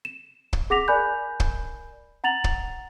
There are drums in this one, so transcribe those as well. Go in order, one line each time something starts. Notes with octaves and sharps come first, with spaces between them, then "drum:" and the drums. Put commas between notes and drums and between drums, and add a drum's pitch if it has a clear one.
E7
drum: kick
G#4 F#5 D6 A#6 B6 F7
A#4 D5 G#5 B5 F#6 G6
drum: kick
F#5 A#5 A6 F7 F#7
drum: kick